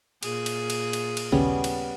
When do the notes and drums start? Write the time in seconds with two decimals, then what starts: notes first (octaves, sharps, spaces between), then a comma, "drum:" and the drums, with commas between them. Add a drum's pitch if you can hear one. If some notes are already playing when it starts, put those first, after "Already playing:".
0.23 A#2 G#4, drum: cymbal
0.46 drum: cymbal
0.70 drum: cymbal
0.93 drum: cymbal
1.17 drum: cymbal
1.32 A#1 D#2 C#3 G3 B3 C#4
1.64 drum: cymbal